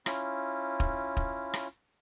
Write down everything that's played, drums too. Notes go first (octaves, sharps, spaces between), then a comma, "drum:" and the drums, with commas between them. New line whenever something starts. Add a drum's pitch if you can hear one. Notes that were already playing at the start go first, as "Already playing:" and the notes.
C#4 E4 F4, drum: rim click
drum: kick
drum: kick
drum: rim click